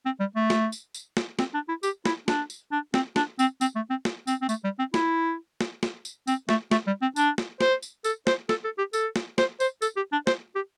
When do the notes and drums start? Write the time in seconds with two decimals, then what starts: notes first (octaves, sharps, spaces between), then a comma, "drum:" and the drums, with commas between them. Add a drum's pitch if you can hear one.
0.06 C4
0.20 G3
0.36 A3
0.50 drum: snare
0.72 drum: tambourine
0.95 drum: tambourine
1.17 drum: snare
1.39 C4, drum: snare
1.54 D4
1.69 E4
1.83 G4, drum: tambourine
2.05 E4, drum: snare
2.28 D4, drum: snare
2.50 drum: tambourine
2.72 D4
2.94 C4, drum: snare
3.16 D4, drum: snare
3.39 C4, drum: tambourine
3.61 C4, drum: tambourine
3.76 A3
3.90 C4
4.05 drum: snare
4.27 C4, drum: tambourine
4.42 C4
4.49 A3, drum: tambourine
4.64 G3
4.79 C4
4.94 E4, drum: snare
5.61 drum: snare
5.83 drum: snare
6.05 drum: tambourine
6.27 C4, drum: tambourine
6.49 A3, drum: snare
6.71 A3, drum: snare
6.87 G3
7.02 C4
7.16 D4, drum: tambourine
7.38 drum: snare
7.61 C5, drum: snare
7.82 drum: tambourine
8.04 A4, drum: tambourine
8.27 C5, drum: snare
8.49 A4, drum: snare
8.64 A4
8.78 G4
8.93 A4, drum: tambourine
9.16 drum: snare
9.38 C5, drum: snare
9.60 C5, drum: tambourine
9.82 A4, drum: tambourine
9.96 G4
10.12 D4
10.27 C5, drum: snare
10.56 G4